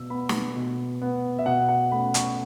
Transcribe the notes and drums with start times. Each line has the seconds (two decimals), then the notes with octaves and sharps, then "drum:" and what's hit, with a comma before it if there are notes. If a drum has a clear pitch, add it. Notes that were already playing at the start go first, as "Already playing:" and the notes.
Already playing: B2 E6
0.10 B3 B5
0.29 drum: snare
0.56 B2
1.02 B3
1.39 E5
1.46 B2 F#5
1.69 F#5
1.92 A3 C#4 B5
2.14 C#6, drum: hi-hat